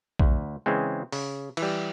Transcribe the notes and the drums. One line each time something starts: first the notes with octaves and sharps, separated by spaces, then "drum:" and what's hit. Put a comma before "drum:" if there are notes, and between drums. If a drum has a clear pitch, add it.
D2, drum: kick A#1
C#3 E3 G#3 C4
C#3, drum: open hi-hat
E3, drum: cymbal
G3